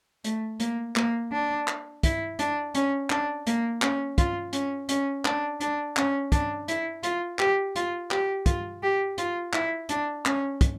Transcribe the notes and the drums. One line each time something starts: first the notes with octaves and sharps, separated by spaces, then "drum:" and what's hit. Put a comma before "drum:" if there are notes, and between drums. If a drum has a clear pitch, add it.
A3, drum: hi-hat
A#3, drum: hi-hat
A#3, drum: clap
D4
drum: clap
E4, drum: kick, hi-hat
D4, drum: hi-hat
C#4, drum: hi-hat
D4, drum: clap
A#3, drum: hi-hat
C#4, drum: clap
F4, drum: kick, hi-hat
C#4, drum: hi-hat
C#4, drum: hi-hat
D4, drum: clap
D4, drum: hi-hat
C#4, drum: clap
D4, drum: kick, hi-hat
E4, drum: hi-hat
F4, drum: hi-hat
G4, drum: clap
F4, drum: hi-hat
G4, drum: clap
F4, drum: kick, hi-hat
G4
F4, drum: hi-hat
E4, drum: clap
D4, drum: hi-hat
C#4, drum: clap
drum: kick, hi-hat